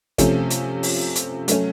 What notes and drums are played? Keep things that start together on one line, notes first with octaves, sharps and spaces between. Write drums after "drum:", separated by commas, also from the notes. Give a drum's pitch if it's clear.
C3 F3 A3 C#4, drum: kick, hi-hat
drum: hi-hat
drum: open hi-hat
drum: hi-hat
F#3 A3 C#4, drum: hi-hat